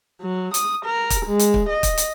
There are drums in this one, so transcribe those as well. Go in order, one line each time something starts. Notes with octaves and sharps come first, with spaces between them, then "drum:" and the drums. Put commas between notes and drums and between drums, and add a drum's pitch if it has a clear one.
F#3
D#6, drum: hi-hat
A#4
drum: kick, hi-hat
G#3
drum: hi-hat
drum: kick
D#5
drum: kick, hi-hat
drum: hi-hat